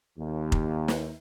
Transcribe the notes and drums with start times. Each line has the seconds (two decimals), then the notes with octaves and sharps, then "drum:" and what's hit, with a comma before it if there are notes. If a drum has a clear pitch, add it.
0.18 D#2
0.52 drum: kick F1
0.88 drum: snare